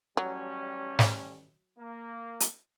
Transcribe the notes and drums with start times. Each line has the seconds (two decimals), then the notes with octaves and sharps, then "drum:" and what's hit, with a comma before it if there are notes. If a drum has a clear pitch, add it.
0.17 A1 F#3 G3 C#4
0.99 drum: snare
1.78 A#3
2.40 drum: hi-hat